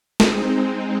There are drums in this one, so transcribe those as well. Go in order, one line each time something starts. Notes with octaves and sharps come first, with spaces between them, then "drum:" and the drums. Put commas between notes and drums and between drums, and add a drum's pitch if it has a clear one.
G#3 C4 D#4, drum: snare